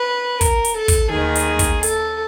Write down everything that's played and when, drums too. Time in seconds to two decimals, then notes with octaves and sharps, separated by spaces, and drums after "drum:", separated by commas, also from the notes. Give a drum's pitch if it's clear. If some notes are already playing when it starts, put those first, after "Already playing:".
Already playing: B4
0.41 A#4, drum: kick, hi-hat
0.65 drum: hi-hat
0.76 A4
0.88 drum: kick, hi-hat
1.12 D#2 D#3 G#4
1.35 drum: hi-hat
1.59 drum: kick, hi-hat
1.83 A4, drum: hi-hat